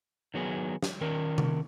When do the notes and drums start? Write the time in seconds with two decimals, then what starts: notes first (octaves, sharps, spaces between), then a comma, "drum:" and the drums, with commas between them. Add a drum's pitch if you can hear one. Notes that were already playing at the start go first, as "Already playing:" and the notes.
0.34 D#3 F#3 B3 G#4
0.83 drum: snare
1.01 D#3 C#4 A#4
1.38 drum: tom C3